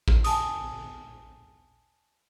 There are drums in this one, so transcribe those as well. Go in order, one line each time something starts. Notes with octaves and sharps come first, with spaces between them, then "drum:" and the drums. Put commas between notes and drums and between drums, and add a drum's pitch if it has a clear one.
drum: kick A1
G#5 A5 D#6, drum: hi-hat